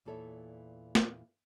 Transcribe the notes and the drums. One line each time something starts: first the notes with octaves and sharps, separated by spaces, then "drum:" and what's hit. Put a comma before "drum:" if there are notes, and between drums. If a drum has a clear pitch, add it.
E2 A#2 E3 A4 C#5 E5
drum: snare